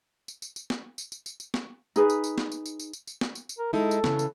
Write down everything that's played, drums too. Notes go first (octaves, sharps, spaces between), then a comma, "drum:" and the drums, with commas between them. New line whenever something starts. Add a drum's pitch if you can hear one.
drum: tambourine
drum: tambourine
drum: tambourine
drum: snare
drum: tambourine
drum: tambourine
drum: tambourine
drum: tambourine
drum: snare
D#4 G#4 B4, drum: tambourine
drum: tambourine
drum: tambourine
drum: snare
drum: tambourine
drum: tambourine
drum: tambourine
drum: tambourine
drum: tambourine
drum: snare
drum: tambourine
drum: tambourine
A#4
G#3 D#4 E4 A4
drum: tambourine
C#3 E3, drum: snare
drum: tambourine